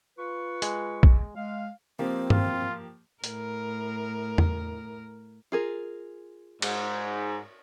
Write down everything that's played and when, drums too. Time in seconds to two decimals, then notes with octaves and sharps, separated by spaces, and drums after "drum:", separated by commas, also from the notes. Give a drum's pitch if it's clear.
0.19 F4 B4 C#6
0.62 G#3, drum: hi-hat
1.03 drum: kick A#1
1.36 G#3 F5
1.99 F3 A#3 C4 G4
2.30 F4, drum: tom G2
3.24 A2 A#4, drum: hi-hat
4.38 drum: tom E2
5.52 F4 G#4 A#4
6.62 G#2, drum: cymbal